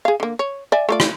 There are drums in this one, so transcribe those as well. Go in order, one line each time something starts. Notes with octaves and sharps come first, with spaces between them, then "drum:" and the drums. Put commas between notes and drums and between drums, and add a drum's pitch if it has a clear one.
G#4 F5
D3 A#3
C#5
D5 E5 G#5
A3 F4 D5
drum: rim click